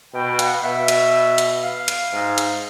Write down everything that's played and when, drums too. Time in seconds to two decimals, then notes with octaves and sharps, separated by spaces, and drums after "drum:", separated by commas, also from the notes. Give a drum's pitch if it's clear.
0.14 B2 G5
0.39 F5, drum: hi-hat
0.46 F#5
0.54 F5
0.63 B2 E5
0.88 drum: hi-hat
1.38 drum: hi-hat
1.64 F5
1.88 drum: hi-hat
2.13 G#2
2.38 drum: hi-hat